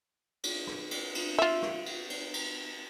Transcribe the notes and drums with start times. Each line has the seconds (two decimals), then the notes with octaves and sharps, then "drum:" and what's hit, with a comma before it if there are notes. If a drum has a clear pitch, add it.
0.43 drum: cymbal
0.67 drum: rim click
0.91 drum: cymbal
1.15 drum: cymbal
1.39 F4 E5
1.62 drum: rim click
1.86 drum: cymbal
2.10 drum: cymbal
2.34 drum: cymbal